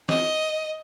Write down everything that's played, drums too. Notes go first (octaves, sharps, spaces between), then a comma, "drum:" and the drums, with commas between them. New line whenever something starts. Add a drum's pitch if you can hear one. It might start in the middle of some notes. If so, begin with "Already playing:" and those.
D#5, drum: snare